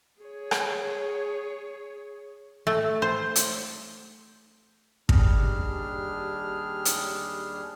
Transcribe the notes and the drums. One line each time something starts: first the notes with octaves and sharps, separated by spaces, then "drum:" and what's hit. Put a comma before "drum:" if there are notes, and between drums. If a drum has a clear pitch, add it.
G#4 C#5
drum: rim click
A3
C5
drum: hi-hat
D#2 G3 D4 G#4 F6, drum: kick
drum: hi-hat